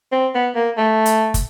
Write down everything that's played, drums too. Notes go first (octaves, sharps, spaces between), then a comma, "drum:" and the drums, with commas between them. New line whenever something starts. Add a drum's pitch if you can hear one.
C4
B3
A#3
A3
drum: hi-hat
drum: kick, hi-hat